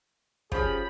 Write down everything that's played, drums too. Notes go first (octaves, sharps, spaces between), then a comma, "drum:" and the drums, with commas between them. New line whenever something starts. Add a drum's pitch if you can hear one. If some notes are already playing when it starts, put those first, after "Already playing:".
F3 C#4 G4 G#4 B5, drum: kick